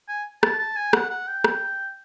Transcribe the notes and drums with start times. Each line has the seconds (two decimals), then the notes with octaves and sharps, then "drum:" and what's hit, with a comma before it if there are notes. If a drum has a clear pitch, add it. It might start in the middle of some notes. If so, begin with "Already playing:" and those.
0.08 G#5
0.43 A5, drum: rim click
0.59 A5
0.76 G#5
0.93 F#5, drum: rim click
1.10 F#5
1.28 G5
1.44 drum: rim click